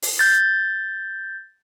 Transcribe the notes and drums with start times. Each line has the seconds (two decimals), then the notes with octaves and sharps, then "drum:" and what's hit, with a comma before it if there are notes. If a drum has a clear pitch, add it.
0.02 drum: open hi-hat
0.19 G6 A6